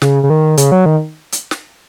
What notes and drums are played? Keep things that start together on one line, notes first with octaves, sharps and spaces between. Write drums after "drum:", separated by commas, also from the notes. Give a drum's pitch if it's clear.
C#3, drum: snare
C#3
D#3
C#3, drum: hi-hat
F#3
D#3
drum: hi-hat
drum: snare